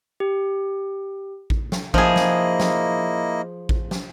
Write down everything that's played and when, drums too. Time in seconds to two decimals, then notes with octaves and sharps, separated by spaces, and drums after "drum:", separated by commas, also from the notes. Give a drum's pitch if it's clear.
0.20 G4
1.50 drum: kick A1
1.72 drum: snare
1.94 F3 A#3 E4 G#4 D#5, drum: kick A1
2.16 drum: snare
2.60 drum: snare
3.69 drum: kick A1
3.91 drum: snare